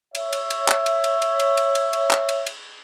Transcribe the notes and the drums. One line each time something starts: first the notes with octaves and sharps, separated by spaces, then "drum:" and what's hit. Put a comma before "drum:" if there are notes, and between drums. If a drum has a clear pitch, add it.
C#5 E5, drum: cymbal
drum: cymbal
drum: cymbal
drum: clap
drum: cymbal
drum: cymbal
drum: cymbal
drum: cymbal
drum: cymbal
drum: cymbal
drum: cymbal
drum: clap
drum: cymbal
drum: cymbal